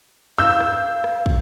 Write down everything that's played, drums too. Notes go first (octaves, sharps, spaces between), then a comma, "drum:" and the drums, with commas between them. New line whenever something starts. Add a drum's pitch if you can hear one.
F5 E6 G6
drum: rim click
drum: rim click
drum: kick